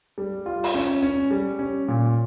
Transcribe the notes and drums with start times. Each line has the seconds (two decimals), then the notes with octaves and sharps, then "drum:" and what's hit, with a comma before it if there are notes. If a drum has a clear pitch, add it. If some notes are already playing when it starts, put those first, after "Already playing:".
0.18 G3
0.46 F4
0.64 drum: open hi-hat
0.74 C#4
1.03 C#4
1.31 G3
1.59 C#4
1.88 A#2